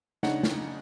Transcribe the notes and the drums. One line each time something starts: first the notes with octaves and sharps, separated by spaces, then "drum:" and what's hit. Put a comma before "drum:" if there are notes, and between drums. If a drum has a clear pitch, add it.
C#3 D4 D#4 C#5 F#5, drum: snare
drum: snare